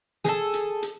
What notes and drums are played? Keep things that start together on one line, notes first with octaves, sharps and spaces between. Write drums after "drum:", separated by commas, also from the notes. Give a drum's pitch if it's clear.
G#4 A4, drum: snare
drum: hi-hat
drum: hi-hat